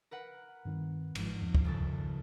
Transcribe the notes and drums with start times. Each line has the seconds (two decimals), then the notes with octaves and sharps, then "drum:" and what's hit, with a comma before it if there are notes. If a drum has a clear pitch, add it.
0.11 A#4 B4 F#5
0.65 G2 D#3 C4
1.15 G1 G#2 E3 F3 G#3, drum: cymbal
1.41 E2 G2
1.55 drum: kick
1.65 D#1 C#3 A4